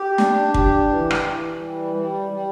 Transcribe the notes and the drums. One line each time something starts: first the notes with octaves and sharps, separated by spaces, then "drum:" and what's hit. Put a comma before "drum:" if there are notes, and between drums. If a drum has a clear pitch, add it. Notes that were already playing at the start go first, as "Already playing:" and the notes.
Already playing: G4
D4, drum: snare
G4, drum: kick
E3
drum: rim click
E3
G3
G3
G3